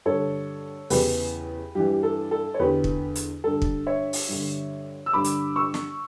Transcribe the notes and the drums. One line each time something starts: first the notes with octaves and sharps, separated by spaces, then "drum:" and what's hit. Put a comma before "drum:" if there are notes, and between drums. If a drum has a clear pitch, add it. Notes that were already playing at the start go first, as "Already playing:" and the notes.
G2 D3 A4 C#5
E2 C#3 E3 G4 B4, drum: open hi-hat
G2 E3 G4
G4
A4
A4
C#5
E2 D3 G4 B4
drum: kick
drum: hi-hat
G2 D3 A4
drum: kick
C#5 E5
drum: open hi-hat
G2 D3
E6
G2 D3 B5 D6
drum: hi-hat
C#6 E6
drum: snare